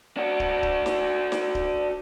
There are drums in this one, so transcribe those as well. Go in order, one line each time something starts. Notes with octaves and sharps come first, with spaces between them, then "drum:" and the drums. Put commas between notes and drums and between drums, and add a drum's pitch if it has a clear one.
D4 F#4
drum: kick D1
drum: kick D1
drum: snare
drum: snare
drum: kick D1